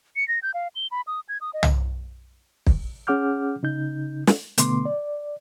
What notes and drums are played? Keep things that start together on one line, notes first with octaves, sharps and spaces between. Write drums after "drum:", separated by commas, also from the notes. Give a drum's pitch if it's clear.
C#7
A#6
G6
F5
G7
B5
D#6
G#6
D#6
D#5
drum: tom
drum: kick
C#4 G#4 F#5 D6 F6 G6
C#3 D#4 G6
drum: snare
B2 D3 A3 B3 C6 D6, drum: hi-hat
D5